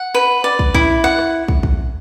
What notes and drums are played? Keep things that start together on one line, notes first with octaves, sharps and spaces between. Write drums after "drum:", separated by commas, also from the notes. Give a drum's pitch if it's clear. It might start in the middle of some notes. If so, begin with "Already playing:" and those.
Already playing: F#5
B4
D5
drum: kick
E4, drum: kick
F#5
drum: rim click
drum: kick
drum: kick